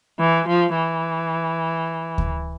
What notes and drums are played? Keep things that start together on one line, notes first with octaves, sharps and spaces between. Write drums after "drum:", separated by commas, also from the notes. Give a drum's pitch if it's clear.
E3
F3
E3
drum: kick D2